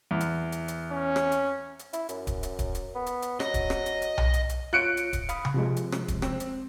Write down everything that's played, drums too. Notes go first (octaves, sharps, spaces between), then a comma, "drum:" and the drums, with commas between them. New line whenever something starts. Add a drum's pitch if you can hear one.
E2
drum: hi-hat
drum: hi-hat
drum: hi-hat
C#4
drum: rim click
drum: hi-hat
drum: hi-hat
E4, drum: hi-hat
F#2, drum: hi-hat
drum: kick D1, hi-hat
drum: hi-hat
drum: kick D1, hi-hat
drum: hi-hat
B3
drum: hi-hat
drum: hi-hat
F#3 D#5, drum: rim click
drum: kick D1, hi-hat
drum: rim click
drum: hi-hat
drum: hi-hat
drum: tom B1
drum: hi-hat
drum: hi-hat
F4 C#5 F#6 C#7 D7
drum: hi-hat
drum: kick D1, hi-hat
F5 B5 D#6, drum: hi-hat
drum: tom C3
C3 F3 G#3
drum: hi-hat
drum: rim click
drum: kick D1, hi-hat
C4, drum: rim click
drum: hi-hat